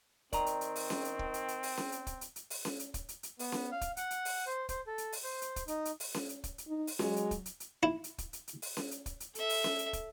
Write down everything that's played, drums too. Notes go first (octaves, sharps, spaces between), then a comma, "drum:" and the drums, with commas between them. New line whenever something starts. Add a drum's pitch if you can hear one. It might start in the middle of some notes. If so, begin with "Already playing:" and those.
D#3 C4 D5 A#5, drum: kick, hi-hat
drum: hi-hat
drum: hi-hat
drum: open hi-hat
drum: snare C#4
drum: hi-hat
drum: kick
drum: hi-hat
drum: hi-hat
drum: open hi-hat
drum: snare C#4
drum: hi-hat
drum: kick, hi-hat
drum: hi-hat
drum: hi-hat
drum: open hi-hat
drum: snare C#4
drum: hi-hat
drum: kick, hi-hat
drum: hi-hat
drum: hi-hat
B3, drum: open hi-hat
drum: snare C#4
F5
drum: kick, hi-hat
F#5, drum: hi-hat
drum: hi-hat
drum: open hi-hat
C5
C5, drum: kick, hi-hat
A4
drum: hi-hat
drum: open hi-hat
C5
drum: hi-hat
drum: kick, hi-hat
D#4, drum: hi-hat
drum: hi-hat
drum: open hi-hat
drum: snare C#4
drum: hi-hat
drum: kick, hi-hat
drum: hi-hat
D#4
drum: open hi-hat
F#3 G#3, drum: snare C#4
drum: hi-hat
drum: kick, hi-hat
drum: hi-hat
drum: hi-hat
E4
drum: hi-hat
drum: kick, hi-hat
drum: hi-hat
drum: hi-hat
drum: open hi-hat
drum: snare C#4
drum: hi-hat
drum: kick, hi-hat
drum: hi-hat
A4 E5, drum: hi-hat
drum: open hi-hat
drum: snare C#4
drum: hi-hat
drum: kick, hi-hat